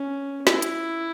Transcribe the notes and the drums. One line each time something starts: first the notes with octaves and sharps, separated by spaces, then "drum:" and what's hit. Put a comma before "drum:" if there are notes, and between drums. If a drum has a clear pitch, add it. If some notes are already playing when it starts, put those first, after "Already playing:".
Already playing: C#4
E4, drum: snare
drum: hi-hat